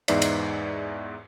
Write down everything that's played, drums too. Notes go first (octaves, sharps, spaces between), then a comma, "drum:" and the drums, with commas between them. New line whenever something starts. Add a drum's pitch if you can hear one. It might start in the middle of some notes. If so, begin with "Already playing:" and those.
E2 G#2 D#4 B4 D5 E5, drum: cymbal
drum: cymbal